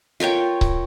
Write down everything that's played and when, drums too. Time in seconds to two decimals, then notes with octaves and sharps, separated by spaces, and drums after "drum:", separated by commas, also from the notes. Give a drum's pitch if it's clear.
0.20 F4 A#4 C#5 G5
0.61 drum: kick C#1